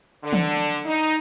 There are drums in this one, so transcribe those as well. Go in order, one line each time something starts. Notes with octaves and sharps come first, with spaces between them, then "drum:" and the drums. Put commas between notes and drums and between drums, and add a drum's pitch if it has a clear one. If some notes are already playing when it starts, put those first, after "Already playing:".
D3
drum: tom
D#4